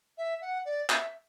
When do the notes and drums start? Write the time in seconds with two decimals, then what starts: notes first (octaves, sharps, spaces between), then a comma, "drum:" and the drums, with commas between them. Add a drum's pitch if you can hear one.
0.18 E5
0.41 F#5
0.65 D5
0.89 E5, drum: clap